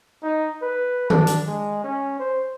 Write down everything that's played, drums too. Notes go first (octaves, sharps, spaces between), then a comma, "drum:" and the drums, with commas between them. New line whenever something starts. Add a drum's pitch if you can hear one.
D#4
B4
D4, drum: tom D#3
drum: hi-hat
G#3
C#4
C5